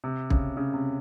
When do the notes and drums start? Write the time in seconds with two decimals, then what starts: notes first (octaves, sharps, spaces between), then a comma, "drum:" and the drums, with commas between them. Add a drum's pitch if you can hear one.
0.04 C3
0.30 C#3, drum: kick
0.57 C#3
0.74 C3